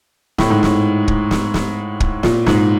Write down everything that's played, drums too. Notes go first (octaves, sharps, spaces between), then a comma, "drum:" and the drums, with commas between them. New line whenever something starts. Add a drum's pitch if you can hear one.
A2, drum: snare
G#2
A2, drum: snare
drum: kick
drum: snare
drum: snare
drum: kick
A#2, drum: snare
G#2, drum: snare